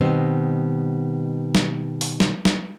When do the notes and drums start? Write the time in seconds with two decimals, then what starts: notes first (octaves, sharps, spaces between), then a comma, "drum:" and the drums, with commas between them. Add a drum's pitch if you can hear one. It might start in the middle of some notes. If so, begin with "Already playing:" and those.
0.01 B2 D#3 G3 B3 C4
1.55 drum: snare
2.01 drum: open hi-hat
2.20 drum: snare
2.45 drum: snare